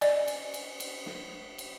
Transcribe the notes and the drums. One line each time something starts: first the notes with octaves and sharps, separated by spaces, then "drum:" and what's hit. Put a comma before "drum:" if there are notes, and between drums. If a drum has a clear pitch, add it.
D5 D#5 G#5, drum: cymbal
drum: cymbal
drum: cymbal
drum: cymbal
drum: snare
drum: cymbal